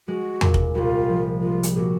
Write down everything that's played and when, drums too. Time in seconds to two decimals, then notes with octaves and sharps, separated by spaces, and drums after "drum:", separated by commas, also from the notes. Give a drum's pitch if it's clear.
0.08 G#3 F#4
0.41 A#2, drum: tom E2
0.54 drum: kick F1
0.75 C2 F4 F#4
1.09 F3
1.42 G#3 F4
1.63 drum: hi-hat
1.76 A#2 F#4 G#4